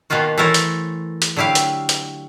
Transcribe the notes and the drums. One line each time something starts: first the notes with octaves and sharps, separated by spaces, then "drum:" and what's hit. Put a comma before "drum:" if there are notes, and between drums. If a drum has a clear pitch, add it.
B2 D#3 A#3 F4 F#4
E3 A3 A4 A#4 C5 C#5
drum: hi-hat
drum: hi-hat
D3 F#3 E4 G4 F5
drum: hi-hat
drum: hi-hat